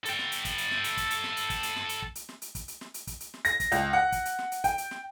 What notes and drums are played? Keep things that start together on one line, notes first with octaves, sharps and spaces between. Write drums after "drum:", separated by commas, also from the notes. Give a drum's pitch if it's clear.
A4 G5, drum: hi-hat
drum: snare
drum: hi-hat
drum: kick, hi-hat
drum: hi-hat
drum: snare
drum: hi-hat
drum: kick, hi-hat
drum: hi-hat
drum: snare
drum: hi-hat
drum: kick, hi-hat
drum: hi-hat
drum: snare
drum: hi-hat
drum: kick
drum: hi-hat
drum: snare
drum: hi-hat
drum: kick, hi-hat
drum: hi-hat
drum: snare
drum: hi-hat
drum: kick, hi-hat
drum: hi-hat
drum: snare
A#6, drum: hi-hat
drum: kick, hi-hat
C#2, drum: hi-hat
F#5
drum: kick, hi-hat
drum: hi-hat
drum: snare
drum: hi-hat
G5, drum: kick, hi-hat
drum: hi-hat
drum: snare